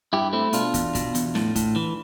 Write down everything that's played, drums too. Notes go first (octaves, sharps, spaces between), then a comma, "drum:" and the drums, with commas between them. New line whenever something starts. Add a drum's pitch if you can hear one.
G2 E4 G4
A3 C4 E4
B2 D4 F4, drum: hi-hat
E2, drum: kick, hi-hat
B2, drum: kick, hi-hat
E2, drum: hi-hat
A2, drum: snare
A2, drum: kick, hi-hat
E3